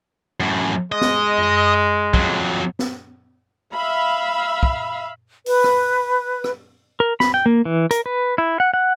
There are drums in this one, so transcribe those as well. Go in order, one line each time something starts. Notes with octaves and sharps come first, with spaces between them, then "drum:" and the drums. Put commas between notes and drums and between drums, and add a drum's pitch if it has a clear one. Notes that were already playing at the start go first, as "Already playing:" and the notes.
F#2 A2
G#3 D#5
drum: snare
drum: tom F#2
F2 F#3, drum: kick
drum: snare
E5 F5 B5
drum: kick
B4, drum: open hi-hat
drum: rim click
drum: rim click
A#4
B5, drum: snare
G5
A#3
E3
A#4, drum: hi-hat
B4
E4
F#5
F#5